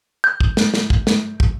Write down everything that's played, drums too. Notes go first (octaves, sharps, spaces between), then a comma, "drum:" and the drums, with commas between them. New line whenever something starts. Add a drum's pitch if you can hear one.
G6
drum: kick
drum: snare
drum: snare
drum: kick
drum: snare
drum: kick